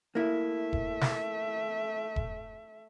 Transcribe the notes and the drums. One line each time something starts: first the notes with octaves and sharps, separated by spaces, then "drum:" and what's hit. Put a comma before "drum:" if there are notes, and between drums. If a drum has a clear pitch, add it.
A3 A#3 E4 E5
drum: kick E1
drum: snare
drum: kick E1